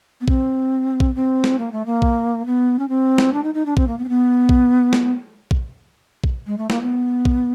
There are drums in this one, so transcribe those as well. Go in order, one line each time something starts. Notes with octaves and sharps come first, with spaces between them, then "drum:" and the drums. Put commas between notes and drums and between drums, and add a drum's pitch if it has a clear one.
B3
C4, drum: kick A#1
drum: kick A#1
C4
drum: snare
A#3
A3
A#3
drum: kick A#1
B3
C#4
C4
drum: snare
D4
D#4
D#4
D4
C4, drum: kick A#1
A#3
B3
C4
B3
drum: kick A#1
drum: snare
drum: kick A#1
drum: kick A#1
G#3
A3
A#3, drum: snare
B3
drum: kick A#1